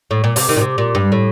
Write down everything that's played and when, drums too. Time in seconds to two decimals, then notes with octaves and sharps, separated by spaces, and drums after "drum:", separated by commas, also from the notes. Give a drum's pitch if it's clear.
0.11 A2
0.24 A#2
0.36 C3, drum: open hi-hat
0.49 C3 D#3
0.56 A#2
0.61 C3
0.78 A#2
0.95 G2
1.12 A2